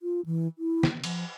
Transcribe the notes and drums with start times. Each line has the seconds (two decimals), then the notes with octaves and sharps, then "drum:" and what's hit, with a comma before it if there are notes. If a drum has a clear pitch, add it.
0.02 F4
0.26 E3
0.58 E4
0.83 drum: snare
1.04 F3, drum: cymbal